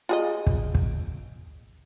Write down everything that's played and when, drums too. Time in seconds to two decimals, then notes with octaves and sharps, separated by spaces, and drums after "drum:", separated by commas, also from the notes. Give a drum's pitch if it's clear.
0.09 F4 G#4 D#5
0.47 drum: kick
0.75 drum: kick